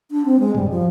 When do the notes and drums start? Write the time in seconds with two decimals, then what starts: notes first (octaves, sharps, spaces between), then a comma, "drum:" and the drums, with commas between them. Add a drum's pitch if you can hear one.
0.11 D4
0.25 C4
0.40 G#3
0.55 G3, drum: tom
0.70 F3